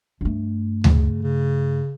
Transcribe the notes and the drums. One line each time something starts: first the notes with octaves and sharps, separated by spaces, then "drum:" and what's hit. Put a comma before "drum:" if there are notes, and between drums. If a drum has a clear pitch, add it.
G2 A3
C#3, drum: tom D2
C#3